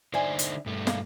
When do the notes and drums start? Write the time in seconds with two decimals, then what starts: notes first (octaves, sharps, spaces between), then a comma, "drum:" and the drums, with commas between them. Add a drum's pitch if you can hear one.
0.14 D3 D#4 C5 D5 E5 G#5
0.39 drum: hi-hat
0.66 G2 A3
0.87 A#3, drum: snare